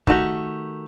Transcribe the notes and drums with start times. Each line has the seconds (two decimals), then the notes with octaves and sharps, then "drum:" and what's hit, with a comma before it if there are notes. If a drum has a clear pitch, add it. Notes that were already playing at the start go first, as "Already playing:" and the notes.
0.07 D#3 A3 F#4 G4, drum: kick